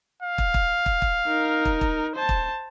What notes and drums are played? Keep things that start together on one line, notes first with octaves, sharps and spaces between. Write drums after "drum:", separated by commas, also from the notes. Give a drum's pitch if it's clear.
F5
drum: kick
drum: kick
drum: kick
drum: kick
D#4 A#4
drum: kick
drum: kick
C5 A5
drum: kick